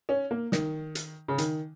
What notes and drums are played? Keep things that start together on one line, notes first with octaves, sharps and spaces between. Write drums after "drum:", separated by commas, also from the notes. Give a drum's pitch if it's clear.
C#4
A#3
D#3, drum: snare
drum: hi-hat
C#3
D#3, drum: hi-hat